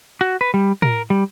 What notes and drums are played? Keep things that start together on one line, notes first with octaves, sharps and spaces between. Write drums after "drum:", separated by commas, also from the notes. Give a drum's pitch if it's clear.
F#4
B4
G3
A#4, drum: tom
G3